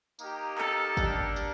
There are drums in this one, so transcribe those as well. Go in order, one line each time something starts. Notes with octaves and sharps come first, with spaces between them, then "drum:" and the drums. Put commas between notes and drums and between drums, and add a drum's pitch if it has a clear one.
A#3 D#4 G4, drum: tambourine
A4, drum: clap
A#3 D4 G4, drum: kick G#1, tambourine
drum: tambourine